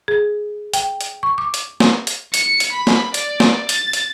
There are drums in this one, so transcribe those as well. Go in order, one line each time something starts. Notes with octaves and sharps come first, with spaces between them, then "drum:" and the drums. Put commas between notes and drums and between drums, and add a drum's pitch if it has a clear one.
G#4
G5, drum: hi-hat
drum: hi-hat
C#6
D6
drum: hi-hat
drum: snare
drum: hi-hat
C#7, drum: hi-hat
drum: hi-hat
B5
drum: snare
D5, drum: hi-hat
drum: snare
A6, drum: hi-hat
drum: hi-hat